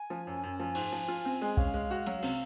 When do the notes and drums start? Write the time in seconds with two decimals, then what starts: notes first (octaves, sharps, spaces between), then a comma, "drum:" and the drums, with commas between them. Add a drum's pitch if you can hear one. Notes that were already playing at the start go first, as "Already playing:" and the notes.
Already playing: G#5
0.10 F3
0.27 F#2
0.43 F#2
0.59 F3 G#5
0.75 G#2, drum: cymbal
0.92 F3
1.08 F4
1.25 C4
1.41 G#3
1.57 C#4 F5, drum: kick B1
1.74 G#3
1.91 F#4
2.07 F#3, drum: hi-hat
2.23 C3, drum: cymbal